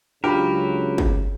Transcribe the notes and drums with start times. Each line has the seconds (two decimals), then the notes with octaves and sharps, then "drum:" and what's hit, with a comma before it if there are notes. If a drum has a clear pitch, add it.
0.24 C#2 C#3 F#3 D4 F4 G4 A#4 B5
0.98 drum: kick